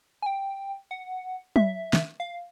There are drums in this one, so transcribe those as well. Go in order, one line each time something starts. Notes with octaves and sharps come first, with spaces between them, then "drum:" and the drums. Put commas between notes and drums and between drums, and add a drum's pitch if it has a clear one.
G#5
G5
F#5
E5, drum: tom F#3
drum: snare
F5